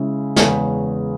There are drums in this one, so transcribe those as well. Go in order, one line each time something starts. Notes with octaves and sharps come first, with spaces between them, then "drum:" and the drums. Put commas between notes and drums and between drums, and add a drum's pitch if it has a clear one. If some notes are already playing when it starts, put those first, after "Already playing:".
Already playing: C#3 G#3 C#4 E4
E2 C#3 G#3 C#4, drum: snare